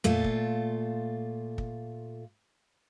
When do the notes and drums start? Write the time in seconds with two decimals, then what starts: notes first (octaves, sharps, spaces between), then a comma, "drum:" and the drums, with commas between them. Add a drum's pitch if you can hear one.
0.04 A#2 A3 F4, drum: tom F2
0.24 drum: kick
1.58 drum: kick